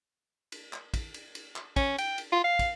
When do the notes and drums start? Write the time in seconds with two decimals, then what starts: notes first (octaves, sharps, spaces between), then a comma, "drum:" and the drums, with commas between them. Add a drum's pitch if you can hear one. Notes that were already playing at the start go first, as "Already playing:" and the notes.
0.52 drum: cymbal
0.73 drum: clap
0.94 drum: kick, cymbal
1.14 drum: cymbal
1.35 drum: cymbal
1.56 drum: clap
1.76 C#4, drum: kick, cymbal
1.98 G5, drum: cymbal
2.18 drum: cymbal
2.32 F4
2.44 F5
2.59 drum: kick, cymbal